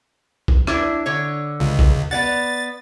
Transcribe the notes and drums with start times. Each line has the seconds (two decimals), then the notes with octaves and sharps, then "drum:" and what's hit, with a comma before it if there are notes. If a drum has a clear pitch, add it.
0.48 drum: kick
0.67 D4 E4, drum: rim click
1.06 D3 C#5
1.60 C#2
1.79 drum: kick
2.11 B3 D5 F#5 A6